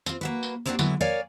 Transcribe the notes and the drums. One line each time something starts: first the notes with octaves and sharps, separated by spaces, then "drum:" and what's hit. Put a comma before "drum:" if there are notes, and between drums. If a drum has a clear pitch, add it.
C4 F4, drum: tambourine
A#3 F#4 B4
drum: tambourine
A#3 C4 D4 D#4 F#4 G4
D3 F#3 G#3 B3 E4, drum: tambourine
A#4 C#5 D5 F5 G#5